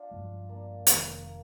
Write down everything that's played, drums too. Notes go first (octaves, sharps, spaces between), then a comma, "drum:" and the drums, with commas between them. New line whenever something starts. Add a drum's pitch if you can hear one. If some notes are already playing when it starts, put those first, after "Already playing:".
Already playing: D4 F4
G1 G2 F3 G#3
A#3 D4
F1 F2 D#3 G#3, drum: hi-hat
A#3